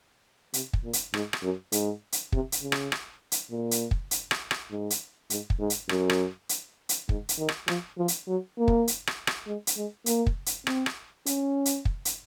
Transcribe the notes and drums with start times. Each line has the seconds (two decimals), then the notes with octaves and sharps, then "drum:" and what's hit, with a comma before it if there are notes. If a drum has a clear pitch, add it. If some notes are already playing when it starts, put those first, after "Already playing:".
0.54 C3, drum: hi-hat
0.73 drum: kick
0.84 A#2
0.93 drum: hi-hat
1.14 G#2, drum: rim click
1.33 drum: rim click
1.43 F#2
1.72 G#2, drum: hi-hat
2.12 drum: hi-hat
2.32 C3, drum: kick
2.52 drum: hi-hat
2.62 C#3
2.72 drum: rim click
2.92 drum: rim click
3.32 drum: hi-hat
3.51 A#2
3.71 drum: hi-hat
3.91 drum: kick
4.11 drum: hi-hat
4.31 drum: rim click
4.51 drum: rim click
4.71 G#2
4.90 drum: hi-hat
5.30 G#2, drum: hi-hat
5.50 drum: kick
5.60 G#2
5.70 drum: hi-hat
5.89 F#2, drum: rim click
6.10 drum: rim click
6.49 drum: hi-hat
6.89 drum: hi-hat
7.09 G#2, drum: kick
7.29 drum: hi-hat
7.39 D#3
7.49 drum: rim click
7.68 F3, drum: rim click
7.98 F3
8.08 drum: hi-hat
8.28 F#3
8.58 A#3
8.68 drum: kick
8.88 drum: hi-hat
9.07 drum: rim click
9.27 drum: rim click
9.46 G#3
9.67 drum: hi-hat
9.77 G#3
10.06 A#3, drum: hi-hat
10.27 drum: kick
10.46 drum: hi-hat
10.67 C4, drum: rim click
10.86 drum: rim click
11.26 C#4, drum: hi-hat
11.66 drum: hi-hat
11.85 drum: kick
12.05 drum: hi-hat